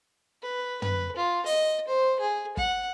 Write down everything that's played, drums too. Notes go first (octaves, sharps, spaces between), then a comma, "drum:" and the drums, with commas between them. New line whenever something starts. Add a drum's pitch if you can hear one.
B4
B4, drum: tom
F4
D#5, drum: open hi-hat
C5
G#4
F#5, drum: kick